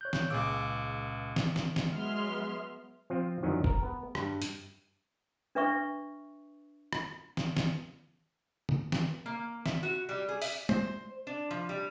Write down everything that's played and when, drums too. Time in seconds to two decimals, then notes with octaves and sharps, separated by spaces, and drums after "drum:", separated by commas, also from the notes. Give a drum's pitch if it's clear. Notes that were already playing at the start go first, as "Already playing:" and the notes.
0.01 C#5 F#6 G6
0.13 drum: snare
0.30 C#2 A#2 G#4 F5 D6 E6 D7
1.36 drum: snare
1.56 drum: snare
1.76 drum: snare
1.91 F#3 G#3 B3 E5 C6 F6
3.10 F3 C4 F4
3.43 F#2 D3 D#3 F3 F#3 C#4
3.64 A#4, drum: kick
3.83 B3
4.15 G2, drum: rim click
4.42 drum: hi-hat
5.55 D4 B4 E5 C#6
6.93 drum: rim click
7.37 drum: snare
7.57 drum: snare
8.69 drum: tom
8.92 drum: snare
9.26 A#3
9.66 E5, drum: snare
9.83 F#4
10.09 G3
10.29 G#4
10.42 E5, drum: open hi-hat
10.69 C5, drum: tom
11.27 D4
11.51 F3
11.69 G3